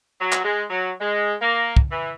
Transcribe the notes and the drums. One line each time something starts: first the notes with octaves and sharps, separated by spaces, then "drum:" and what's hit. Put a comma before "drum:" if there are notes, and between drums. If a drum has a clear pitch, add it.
F#3
drum: clap
G#3
F#3
G#3
A#3
drum: kick
E3